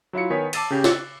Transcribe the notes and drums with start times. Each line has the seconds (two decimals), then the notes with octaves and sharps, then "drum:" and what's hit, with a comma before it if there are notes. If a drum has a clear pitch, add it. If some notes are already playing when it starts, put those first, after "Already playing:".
0.13 F#3 E4 F4 C#7
0.30 D#3 B3 C#5 G#5 D#6 B6
0.53 A5 D6 E6 A6 D#7, drum: cymbal
0.70 C#3 G4
0.84 E6 F#6 A6 C#7, drum: snare